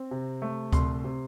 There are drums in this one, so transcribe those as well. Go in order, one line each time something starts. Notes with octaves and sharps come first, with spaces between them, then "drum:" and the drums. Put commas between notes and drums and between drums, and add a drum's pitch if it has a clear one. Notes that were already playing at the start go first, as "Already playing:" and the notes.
Already playing: C4
C3
A3
C2 C6, drum: kick D2, hi-hat
C3